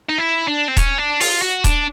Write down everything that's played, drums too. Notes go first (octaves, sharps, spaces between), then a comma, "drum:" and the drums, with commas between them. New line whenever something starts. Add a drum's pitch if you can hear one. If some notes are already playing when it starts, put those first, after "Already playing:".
D#4
E4
D4
C4
C#4, drum: kick D#1, hi-hat
D4
F4, drum: open hi-hat
F#4
D4, drum: kick D#1, hi-hat